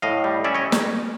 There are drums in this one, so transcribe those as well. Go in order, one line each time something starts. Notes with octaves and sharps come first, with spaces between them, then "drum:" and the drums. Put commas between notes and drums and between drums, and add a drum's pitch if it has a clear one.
A2 D#5 F5
G3
C#4 D5 E5
C#5 D#5
drum: snare